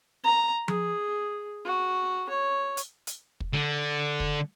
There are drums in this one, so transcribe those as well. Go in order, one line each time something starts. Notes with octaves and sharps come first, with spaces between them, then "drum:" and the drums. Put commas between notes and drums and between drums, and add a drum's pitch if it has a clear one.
A#5
G#4, drum: tom F3
F#4
C#5
drum: hi-hat
drum: hi-hat
drum: kick
D3
drum: kick